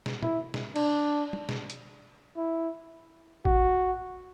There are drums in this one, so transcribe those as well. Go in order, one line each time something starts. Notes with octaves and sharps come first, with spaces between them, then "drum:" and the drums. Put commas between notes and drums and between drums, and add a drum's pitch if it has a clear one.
drum: snare
E4, drum: tom
drum: snare
D4, drum: cymbal
drum: tom
drum: snare
drum: hi-hat
E4
F#4, drum: kick A1